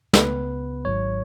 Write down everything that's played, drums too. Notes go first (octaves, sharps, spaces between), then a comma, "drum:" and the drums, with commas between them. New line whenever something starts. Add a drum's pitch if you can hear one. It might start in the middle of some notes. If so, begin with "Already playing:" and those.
C#2 C#3 B3 B4, drum: snare
G#1 G#2 F#3 C#5